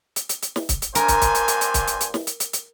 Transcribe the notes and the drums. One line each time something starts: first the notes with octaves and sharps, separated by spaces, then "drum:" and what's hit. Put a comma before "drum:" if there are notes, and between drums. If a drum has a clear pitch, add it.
drum: hi-hat
drum: hi-hat
drum: hi-hat
drum: snare
drum: kick, hi-hat
drum: hi-hat
G2 A#2 A#4 C5 G#5, drum: hi-hat
drum: kick, hi-hat
drum: kick, hi-hat
drum: hi-hat
drum: hi-hat
drum: hi-hat
drum: kick, hi-hat
drum: hi-hat
drum: hi-hat
drum: snare
drum: hi-hat
drum: hi-hat
drum: hi-hat